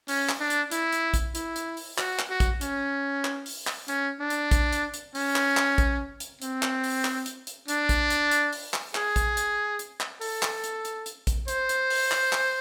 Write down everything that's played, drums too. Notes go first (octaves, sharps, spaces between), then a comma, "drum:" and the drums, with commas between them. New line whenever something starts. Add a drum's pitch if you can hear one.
C#4, drum: open hi-hat
drum: clap
D4
drum: hi-hat
E4, drum: hi-hat
drum: hi-hat
drum: kick A#1, hi-hat
E4, drum: hi-hat
drum: hi-hat
drum: open hi-hat
F#4, drum: clap
drum: clap
F#4
drum: kick A#1, hi-hat
C#4, drum: hi-hat
drum: clap
drum: open hi-hat
drum: clap
C#4, drum: hi-hat
D4
drum: hi-hat
drum: kick A#1, hi-hat
drum: hi-hat
drum: hi-hat
C#4, drum: open hi-hat
drum: clap
drum: clap
drum: kick A#1, hi-hat
drum: hi-hat
C4, drum: hi-hat
drum: clap
drum: open hi-hat
drum: clap
drum: hi-hat
drum: hi-hat
D4, drum: hi-hat
drum: kick A#1, hi-hat
drum: hi-hat
drum: hi-hat
drum: open hi-hat
drum: clap
G#4, drum: clap
drum: kick A#1, hi-hat
drum: hi-hat
drum: hi-hat
drum: clap
A4, drum: open hi-hat
drum: clap
drum: hi-hat
drum: hi-hat
drum: hi-hat
drum: kick A#1, hi-hat
C5, drum: hi-hat
drum: hi-hat
drum: open hi-hat
drum: clap
drum: clap